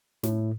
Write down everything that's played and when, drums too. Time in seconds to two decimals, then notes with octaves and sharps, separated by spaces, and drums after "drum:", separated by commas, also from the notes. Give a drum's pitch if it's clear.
0.23 A2, drum: snare